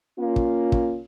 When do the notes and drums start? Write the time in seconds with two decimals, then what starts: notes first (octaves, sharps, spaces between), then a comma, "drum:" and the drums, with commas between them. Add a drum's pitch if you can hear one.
0.18 A#3 C#4 F4
0.36 drum: kick
0.72 drum: kick